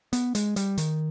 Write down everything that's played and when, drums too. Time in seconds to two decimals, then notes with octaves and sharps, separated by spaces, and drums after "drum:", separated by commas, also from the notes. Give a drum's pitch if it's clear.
0.13 B3, drum: hi-hat
0.35 G#3, drum: hi-hat
0.56 G3, drum: hi-hat
0.78 D#3, drum: hi-hat